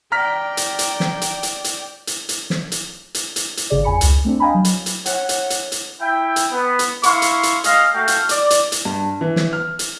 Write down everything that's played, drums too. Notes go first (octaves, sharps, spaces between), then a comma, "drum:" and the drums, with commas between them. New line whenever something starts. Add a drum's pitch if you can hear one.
D5 G5 A#5 F6 B6
drum: hi-hat
drum: hi-hat
drum: snare
drum: hi-hat
drum: hi-hat
drum: hi-hat
drum: hi-hat
drum: hi-hat
drum: snare
drum: hi-hat
drum: hi-hat
drum: hi-hat
drum: hi-hat
G#1 C#3 G#4 D5
F2 G#5 B5 C#7
C#2, drum: hi-hat
A3 C4 D4
D#5 F5 G5 G#5 A#5 B5
F#3
drum: hi-hat
drum: hi-hat
C#5 F#5, drum: hi-hat
drum: hi-hat
drum: hi-hat
drum: hi-hat
E4 E5 G5
drum: hi-hat
B3
drum: hi-hat
E4 F5 C6 C#6, drum: hi-hat
drum: hi-hat
drum: hi-hat
G#3 D#5 F5, drum: hi-hat
A3 F#4 F5 G5
drum: hi-hat
D5, drum: hi-hat
drum: hi-hat
drum: hi-hat
G2
E3
drum: snare
F6
drum: hi-hat